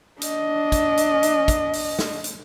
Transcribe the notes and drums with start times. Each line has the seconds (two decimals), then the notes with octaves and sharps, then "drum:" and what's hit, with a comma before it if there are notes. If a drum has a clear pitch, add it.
0.22 D4 D#5, drum: hi-hat
0.72 drum: kick, hi-hat
0.97 drum: hi-hat
1.23 drum: hi-hat
1.48 drum: kick, hi-hat
1.73 drum: open hi-hat
1.99 drum: snare
2.24 drum: hi-hat